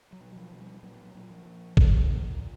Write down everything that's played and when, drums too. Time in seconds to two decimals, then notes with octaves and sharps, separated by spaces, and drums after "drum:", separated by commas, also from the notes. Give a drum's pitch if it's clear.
0.13 F#3
0.20 B2
0.36 F3
0.51 B2
0.60 G3
0.83 A#2 F#3
1.15 A#2
1.30 F3
1.46 A#2
1.77 A#2, drum: kick A1
2.08 A#2
2.39 A#2